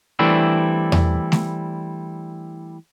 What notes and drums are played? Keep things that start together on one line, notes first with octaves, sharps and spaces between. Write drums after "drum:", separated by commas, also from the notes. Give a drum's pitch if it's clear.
E3 G3 A3 C4 D4 E4
drum: tom E2
drum: snare A3